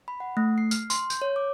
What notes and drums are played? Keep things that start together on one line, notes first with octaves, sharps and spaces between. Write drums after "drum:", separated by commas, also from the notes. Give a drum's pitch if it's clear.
B5
F#5
A3
C7
F6, drum: tambourine
C6, drum: tambourine
G6, drum: tambourine
C#5
D6